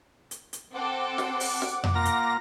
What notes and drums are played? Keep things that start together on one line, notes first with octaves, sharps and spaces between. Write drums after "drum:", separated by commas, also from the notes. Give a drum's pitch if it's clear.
drum: hi-hat
drum: hi-hat
C4 A4 F#5 D6
drum: snare
drum: open hi-hat
drum: snare
drum: tom F2
A#3 F4 A#5 A#6
drum: hi-hat